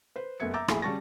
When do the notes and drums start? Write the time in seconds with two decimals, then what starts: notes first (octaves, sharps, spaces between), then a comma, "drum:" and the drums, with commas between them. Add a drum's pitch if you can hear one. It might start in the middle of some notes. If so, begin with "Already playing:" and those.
0.16 B4 C5
0.40 F#1 A3 B3 E5 G#6 C#7
0.54 E5 A#5 D6 E6 G6 A6
0.68 A#1 A3 E4 G#4 B5, drum: rim click
0.82 C#3 G3 A5 C#6 A6 A#6